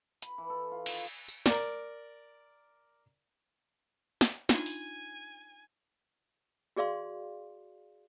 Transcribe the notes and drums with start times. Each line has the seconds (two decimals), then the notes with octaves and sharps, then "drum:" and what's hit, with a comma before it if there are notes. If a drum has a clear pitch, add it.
0.22 B5, drum: hi-hat
0.38 E3
0.50 A4
0.71 F4
0.86 D#3, drum: cymbal
1.28 drum: tambourine
1.46 A#4 D5, drum: snare
4.21 drum: snare
4.49 D4 D#4 F4 G#5, drum: snare
4.66 drum: open hi-hat
6.76 F#4 G#4 D5 F5 C6